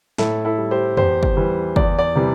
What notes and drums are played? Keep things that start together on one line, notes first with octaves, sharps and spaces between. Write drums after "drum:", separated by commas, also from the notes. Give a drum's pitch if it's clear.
A2 E4 A4, drum: snare
E4 A4
G3
G4 C5
E2 G4 C5, drum: tom F2
drum: kick
E3 G3
E2 D5, drum: kick
D5
C3 E3 G3